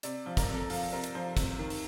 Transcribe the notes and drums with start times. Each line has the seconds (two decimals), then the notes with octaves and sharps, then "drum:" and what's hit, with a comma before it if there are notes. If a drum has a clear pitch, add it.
0.03 C3 D5, drum: hi-hat
0.26 F3
0.37 A#4, drum: kick, hi-hat
0.48 C3
0.54 A4
0.70 F3 F4, drum: open hi-hat
0.93 C3 A#4
1.04 drum: hi-hat
1.15 F3 C5
1.37 C3, drum: kick, hi-hat
1.59 D#3
1.70 drum: open hi-hat